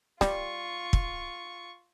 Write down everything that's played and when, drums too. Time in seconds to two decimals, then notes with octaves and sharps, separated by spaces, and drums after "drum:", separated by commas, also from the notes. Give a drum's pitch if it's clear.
0.21 G3 F4 C#6, drum: snare
0.93 drum: kick